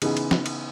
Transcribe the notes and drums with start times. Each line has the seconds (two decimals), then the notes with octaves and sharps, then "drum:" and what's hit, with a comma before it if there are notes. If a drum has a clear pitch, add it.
0.02 C#3 E3 B3 D#4 G#4, drum: cymbal
0.17 drum: cymbal
0.31 drum: snare
0.46 drum: cymbal